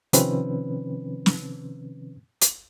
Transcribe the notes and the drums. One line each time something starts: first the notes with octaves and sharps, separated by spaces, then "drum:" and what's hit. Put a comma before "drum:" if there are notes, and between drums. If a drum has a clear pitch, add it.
C3 D#3 F3 C4 C#4 B4, drum: hi-hat
drum: snare
drum: hi-hat